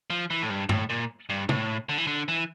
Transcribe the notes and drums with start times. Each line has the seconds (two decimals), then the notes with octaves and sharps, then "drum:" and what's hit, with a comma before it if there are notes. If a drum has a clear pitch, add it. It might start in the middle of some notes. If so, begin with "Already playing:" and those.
0.10 F3
0.30 E3
0.42 A2
0.50 G2
0.69 A2, drum: tom
0.90 A#2
1.29 G2
1.49 A2, drum: tom
1.89 D3
1.98 E3
2.07 D3
2.28 E3